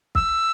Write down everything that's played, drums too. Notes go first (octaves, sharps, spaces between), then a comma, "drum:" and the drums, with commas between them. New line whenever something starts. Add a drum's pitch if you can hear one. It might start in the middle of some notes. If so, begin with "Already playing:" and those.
E6, drum: kick